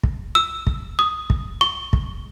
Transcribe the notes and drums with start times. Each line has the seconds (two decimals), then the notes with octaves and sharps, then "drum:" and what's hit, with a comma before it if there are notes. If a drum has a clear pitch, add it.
0.03 drum: kick
0.35 E6
0.67 drum: kick
0.99 D#6
1.30 drum: kick
1.61 C#6
1.93 drum: kick